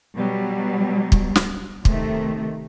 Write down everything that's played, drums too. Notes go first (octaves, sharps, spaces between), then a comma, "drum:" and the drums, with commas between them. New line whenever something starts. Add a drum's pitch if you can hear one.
B2 F#3 G3
drum: kick
drum: snare
C3 D#3 A3, drum: kick